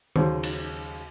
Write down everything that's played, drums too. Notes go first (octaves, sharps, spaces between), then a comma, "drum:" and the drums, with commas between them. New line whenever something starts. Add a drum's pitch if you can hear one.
D#2 C#3 F#3 C5, drum: tom
drum: cymbal